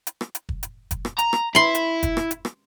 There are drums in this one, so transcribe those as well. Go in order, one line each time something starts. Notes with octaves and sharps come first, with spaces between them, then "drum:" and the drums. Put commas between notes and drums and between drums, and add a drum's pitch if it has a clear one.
drum: hi-hat
drum: rim click
drum: hi-hat
drum: kick
drum: hi-hat
drum: kick, hi-hat
drum: rim click
A#5, drum: hi-hat
drum: rim click
E4 B5 C6
drum: hi-hat
drum: kick, hi-hat
drum: rim click
drum: hi-hat
drum: rim click